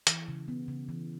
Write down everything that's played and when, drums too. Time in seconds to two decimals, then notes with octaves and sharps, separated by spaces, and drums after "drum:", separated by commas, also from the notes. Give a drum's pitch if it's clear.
0.07 E3, drum: hi-hat
0.28 C#3
0.48 B3
0.68 C#3
0.89 E3